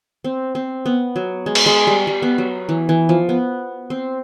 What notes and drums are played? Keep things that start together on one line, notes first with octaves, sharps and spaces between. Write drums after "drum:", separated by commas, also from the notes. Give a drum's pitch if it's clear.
C4
C4
B3
F#3
G#3
drum: cymbal
G#3
G3
G3
B3
F#3
E3
E3
F3
B3
C4